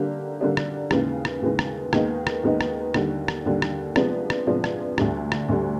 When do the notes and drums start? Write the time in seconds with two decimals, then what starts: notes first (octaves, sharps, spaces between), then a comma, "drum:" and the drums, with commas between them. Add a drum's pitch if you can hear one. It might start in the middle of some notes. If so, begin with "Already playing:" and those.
Already playing: D3 G3 A#3 D4 G4
0.40 D3 G3 A#3 D4 G4
0.57 drum: rim click
0.91 D#2 C#3 E3 G#3, drum: rim click
1.25 drum: rim click
1.42 D#2 C#3 E3 G#3
1.59 drum: rim click
1.93 D#2 D#3 G#3 B3 D#4, drum: rim click
2.27 drum: rim click
2.44 D#2 D#3 G#3 B3 D#4
2.61 drum: rim click
2.94 D#2 D3 G3, drum: rim click
3.28 drum: rim click
3.46 D#2 D3 G3
3.62 drum: rim click
3.96 C3 F3 G#3 B3 D4, drum: rim click
4.30 drum: rim click
4.47 C3 F3 G#3 B3 D4
4.64 drum: rim click
4.98 D2 D3 G3, drum: rim click
5.32 drum: rim click
5.49 D2 D3 G3